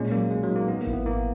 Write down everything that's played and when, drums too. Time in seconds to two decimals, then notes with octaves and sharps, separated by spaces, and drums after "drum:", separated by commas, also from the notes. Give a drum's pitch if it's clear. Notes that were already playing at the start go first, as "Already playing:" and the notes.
Already playing: A#2 G#3 C#4
0.11 F#3 A#3
0.30 A#2 G#3
0.43 F#3
0.49 D#4
0.56 A#3
0.68 B3 A#4
0.81 A#3
0.87 E4, drum: kick G#1
0.93 B3
1.06 A#3 E4